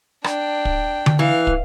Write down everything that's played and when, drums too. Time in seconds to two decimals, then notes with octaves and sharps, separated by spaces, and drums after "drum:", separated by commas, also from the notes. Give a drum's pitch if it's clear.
0.24 D4 G5, drum: rim click
0.65 drum: kick
1.06 drum: tom D3
1.19 E3 F5
1.47 drum: kick